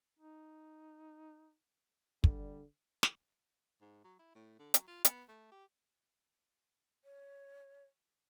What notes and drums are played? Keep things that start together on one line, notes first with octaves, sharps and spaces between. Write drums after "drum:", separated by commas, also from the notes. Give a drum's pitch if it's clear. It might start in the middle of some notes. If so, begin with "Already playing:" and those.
D#4
D3 G3, drum: kick
drum: snare
G#2
F#3
E4
A2
D3
F#3, drum: hi-hat
F4
B3, drum: hi-hat
A3
G4
C#5